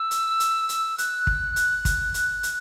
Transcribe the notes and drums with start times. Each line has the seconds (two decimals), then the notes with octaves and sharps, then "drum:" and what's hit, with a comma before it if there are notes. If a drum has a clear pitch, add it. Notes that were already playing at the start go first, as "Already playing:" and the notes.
Already playing: E6
0.11 drum: hi-hat
0.40 drum: hi-hat
0.69 drum: hi-hat
0.98 F#6, drum: hi-hat
1.27 drum: kick
1.56 drum: hi-hat
1.85 drum: kick, hi-hat
2.14 drum: hi-hat
2.43 drum: hi-hat